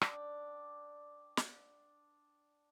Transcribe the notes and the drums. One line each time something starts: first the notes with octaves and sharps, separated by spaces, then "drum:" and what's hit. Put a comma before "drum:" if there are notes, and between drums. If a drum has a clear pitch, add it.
D4 D5 G5, drum: rim click
drum: snare